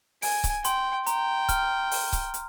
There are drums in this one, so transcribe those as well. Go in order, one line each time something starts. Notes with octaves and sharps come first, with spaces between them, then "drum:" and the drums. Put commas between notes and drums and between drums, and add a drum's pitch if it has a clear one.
G#5 D7, drum: open hi-hat
drum: kick C#1, hi-hat
G5 C6, drum: hi-hat
G5 A#5, drum: hi-hat
F6, drum: kick C#1, hi-hat
drum: open hi-hat
drum: kick C#1, hi-hat
drum: hi-hat